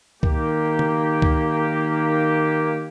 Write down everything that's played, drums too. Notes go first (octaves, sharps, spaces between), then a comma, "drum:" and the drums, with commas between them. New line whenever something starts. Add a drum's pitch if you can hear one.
D#3 A#3 G4, drum: kick C#2
drum: tom
drum: kick C#2